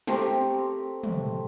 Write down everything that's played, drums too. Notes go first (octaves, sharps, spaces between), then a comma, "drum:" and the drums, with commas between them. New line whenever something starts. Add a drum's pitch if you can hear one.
A3 C4 G4 A#4, drum: snare
drum: tom